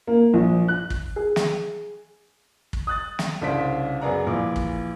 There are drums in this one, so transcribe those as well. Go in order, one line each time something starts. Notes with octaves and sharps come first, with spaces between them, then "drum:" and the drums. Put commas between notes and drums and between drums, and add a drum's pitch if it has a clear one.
A#3
A#1
F#6
drum: kick
G#4
drum: snare
drum: kick
D#6 F#6 A6
drum: snare
C2 C#3 D4 C5 B6 D7
F#2 B3 G#4 D5 F#5 A#5
A#1 E3 F4 D6
drum: kick